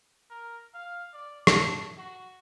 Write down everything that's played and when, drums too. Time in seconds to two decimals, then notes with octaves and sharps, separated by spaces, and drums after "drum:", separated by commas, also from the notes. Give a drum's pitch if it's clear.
0.30 A#4
0.74 F5
1.13 D5
1.47 A5, drum: rim click
1.98 F#4